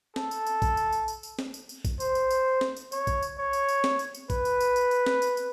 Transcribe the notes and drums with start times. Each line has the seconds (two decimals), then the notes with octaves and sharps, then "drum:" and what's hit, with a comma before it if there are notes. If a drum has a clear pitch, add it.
0.16 A4, drum: snare
0.31 drum: tambourine
0.47 drum: tambourine
0.62 drum: kick A#1, tambourine
0.77 drum: tambourine
0.93 drum: tambourine
1.08 drum: tambourine
1.23 drum: tambourine
1.39 drum: snare
1.54 drum: tambourine
1.69 drum: tambourine
1.85 drum: kick A#1, tambourine
2.00 C5, drum: tambourine
2.15 drum: tambourine
2.31 drum: tambourine
2.61 drum: snare
2.77 drum: tambourine
2.92 C#5, drum: tambourine
3.07 drum: kick A#1, tambourine
3.23 drum: tambourine
3.38 C#5
3.53 drum: tambourine
3.69 drum: tambourine
3.84 drum: snare
3.99 drum: tambourine
4.15 drum: tambourine
4.30 B4, drum: kick A#1, tambourine
4.45 drum: tambourine
4.61 drum: tambourine
4.76 drum: tambourine
4.91 drum: tambourine
5.07 drum: snare
5.22 drum: tambourine
5.37 drum: tambourine